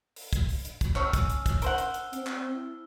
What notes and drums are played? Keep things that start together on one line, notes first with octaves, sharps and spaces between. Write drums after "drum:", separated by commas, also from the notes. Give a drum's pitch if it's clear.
drum: open hi-hat
drum: kick, hi-hat
drum: open hi-hat
drum: hi-hat
drum: kick, hi-hat
C#4 C#5 A5 E6 F6, drum: clap
drum: kick, hi-hat
drum: hi-hat
drum: kick, hi-hat
A#4 C5 F#5 A5 G7, drum: hi-hat
drum: hi-hat
drum: hi-hat
C4, drum: hi-hat
drum: clap
E4